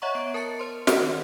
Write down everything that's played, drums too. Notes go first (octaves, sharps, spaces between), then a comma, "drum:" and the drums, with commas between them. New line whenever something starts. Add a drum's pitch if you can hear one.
C#5 D#5 E5 F#5 A#5 C#6
B3 D7
A#4 A5 A6 C#7
C5 C6
drum: snare
D#3